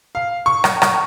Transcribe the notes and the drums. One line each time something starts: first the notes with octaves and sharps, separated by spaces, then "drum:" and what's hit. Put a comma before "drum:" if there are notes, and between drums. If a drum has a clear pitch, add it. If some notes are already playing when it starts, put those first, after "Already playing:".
F5
C#6
drum: rim click
drum: rim click